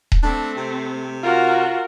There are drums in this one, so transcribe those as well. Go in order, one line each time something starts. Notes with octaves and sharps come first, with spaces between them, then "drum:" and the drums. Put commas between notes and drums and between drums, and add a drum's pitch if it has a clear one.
drum: kick D#1
A3 C4 D4
C3
F4 F#4 A#4